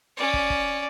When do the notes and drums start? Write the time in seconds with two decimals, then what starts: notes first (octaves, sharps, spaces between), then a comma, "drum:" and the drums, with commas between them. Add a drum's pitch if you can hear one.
0.17 C#4 D5
0.33 drum: kick
0.50 drum: kick